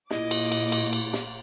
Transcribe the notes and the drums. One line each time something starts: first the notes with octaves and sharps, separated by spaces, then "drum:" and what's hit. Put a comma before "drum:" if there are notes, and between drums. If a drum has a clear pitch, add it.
A#2 E4 D#5 D6, drum: snare
drum: cymbal
drum: cymbal
drum: cymbal
drum: cymbal
drum: snare